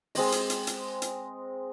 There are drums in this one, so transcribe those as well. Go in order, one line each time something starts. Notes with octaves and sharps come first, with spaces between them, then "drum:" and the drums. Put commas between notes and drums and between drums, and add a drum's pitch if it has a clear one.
G#3 C4 D#5, drum: open hi-hat
drum: hi-hat
drum: hi-hat
drum: hi-hat
drum: hi-hat